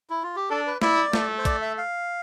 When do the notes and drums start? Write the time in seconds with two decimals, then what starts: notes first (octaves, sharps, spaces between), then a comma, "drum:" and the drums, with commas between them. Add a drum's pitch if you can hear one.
0.10 E4
0.23 F4
0.36 G4
0.49 D4 A4
0.67 B4
0.82 E4 D5, drum: snare
1.13 A3, drum: snare
1.38 C5
1.45 D5, drum: kick, hi-hat
1.61 E5
1.78 F5